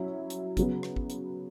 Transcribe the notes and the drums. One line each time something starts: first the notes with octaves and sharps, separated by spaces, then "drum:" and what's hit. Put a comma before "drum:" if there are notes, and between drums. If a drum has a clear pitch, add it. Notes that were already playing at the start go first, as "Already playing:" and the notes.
Already playing: F#3 C#4 E4
drum: hi-hat
C#3 F#3 B3, drum: kick, hi-hat
drum: rim click
drum: kick
drum: hi-hat